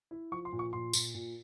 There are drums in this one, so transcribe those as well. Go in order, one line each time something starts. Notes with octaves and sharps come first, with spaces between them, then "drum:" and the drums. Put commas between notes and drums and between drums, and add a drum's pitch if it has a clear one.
E4
F3 C#6
C6
A#2
C#6
A#2 C6
A#2, drum: tambourine
A#2